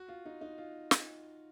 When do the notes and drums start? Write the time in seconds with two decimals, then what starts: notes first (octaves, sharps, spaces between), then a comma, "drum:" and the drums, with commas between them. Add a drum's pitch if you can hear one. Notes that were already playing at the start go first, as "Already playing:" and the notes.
Already playing: F#4
0.08 F4
0.26 D#4
0.41 D#4
0.58 F4
0.91 drum: snare